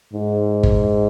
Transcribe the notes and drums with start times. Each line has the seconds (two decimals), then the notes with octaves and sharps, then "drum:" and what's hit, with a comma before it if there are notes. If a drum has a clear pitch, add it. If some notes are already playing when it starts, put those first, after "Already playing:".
0.13 G#2
0.63 drum: kick G1